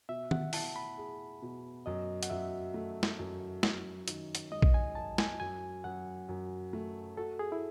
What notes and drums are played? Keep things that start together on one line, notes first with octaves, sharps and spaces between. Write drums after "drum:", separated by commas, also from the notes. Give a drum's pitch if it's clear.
B2 E5
F#5, drum: tom D#3
E4 A5, drum: open hi-hat
B5
G#4
B2
F#2 D#5
F#5, drum: hi-hat
F#2 E5
A3
drum: snare
F#2
F#2, drum: snare
D#3, drum: hi-hat
drum: hi-hat
G#3 D#5
drum: kick A#1
G#5
F#2 A5
G#5, drum: snare
F#2 G#5
F#2 F#5
F#2
A3
F#4 A4
G#4
E4